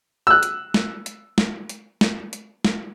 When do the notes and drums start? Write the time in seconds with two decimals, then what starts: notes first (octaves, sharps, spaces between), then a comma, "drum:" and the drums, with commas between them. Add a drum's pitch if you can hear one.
0.27 E6 F#6
0.43 drum: hi-hat
0.74 drum: snare
1.06 drum: hi-hat
1.38 drum: snare
1.69 drum: hi-hat
2.01 drum: snare
2.33 drum: hi-hat
2.65 drum: snare